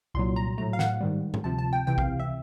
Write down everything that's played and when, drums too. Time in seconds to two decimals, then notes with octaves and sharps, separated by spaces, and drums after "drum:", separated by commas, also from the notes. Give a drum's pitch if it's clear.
0.14 C2 A#2 F#3 C6
0.36 A#5
0.58 A2 F#3 A3 A#5
0.73 F5
0.79 F#5, drum: snare
1.01 G#2 D#3 G3
1.34 drum: tom G#2
1.44 D2 C3 F3 A5
1.58 A5
1.73 G5
1.87 C#2 C3 E3 G5
1.98 F5, drum: kick A#1
2.19 E5